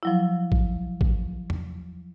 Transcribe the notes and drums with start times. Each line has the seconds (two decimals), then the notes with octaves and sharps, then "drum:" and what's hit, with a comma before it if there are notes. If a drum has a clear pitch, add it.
0.03 F3 F#3 E4
0.52 drum: kick A1
1.01 drum: kick A1
1.50 drum: tom E2